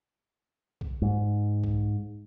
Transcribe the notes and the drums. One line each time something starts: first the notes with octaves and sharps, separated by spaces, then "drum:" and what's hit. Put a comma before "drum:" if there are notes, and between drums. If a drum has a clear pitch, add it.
drum: kick B1
G#2
drum: kick B1